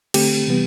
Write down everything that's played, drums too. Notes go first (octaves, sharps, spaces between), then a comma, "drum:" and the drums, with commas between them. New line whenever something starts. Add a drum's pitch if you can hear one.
D3 A3 C4 G4, drum: cymbal
C3 E3 G3 B3